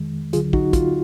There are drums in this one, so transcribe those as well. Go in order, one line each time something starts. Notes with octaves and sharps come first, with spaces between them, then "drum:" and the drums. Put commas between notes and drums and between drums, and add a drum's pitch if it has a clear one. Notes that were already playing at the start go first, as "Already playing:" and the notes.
Already playing: F2 D#3 G#3
D2 D3 F#3 F4 G#4, drum: hi-hat
D#4 F#4, drum: kick
F4, drum: kick, hi-hat